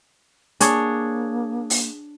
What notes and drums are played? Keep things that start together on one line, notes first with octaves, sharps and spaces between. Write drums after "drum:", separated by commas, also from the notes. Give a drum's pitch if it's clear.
A#3 D4 G#4 C#5, drum: hi-hat
drum: open hi-hat